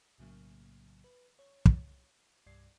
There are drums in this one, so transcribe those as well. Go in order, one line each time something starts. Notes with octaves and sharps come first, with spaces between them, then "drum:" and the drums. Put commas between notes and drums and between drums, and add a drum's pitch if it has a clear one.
B1 A2 C#3 F#3 A#3
B4
C#5
drum: kick
C2 G2 D5 G#6 C7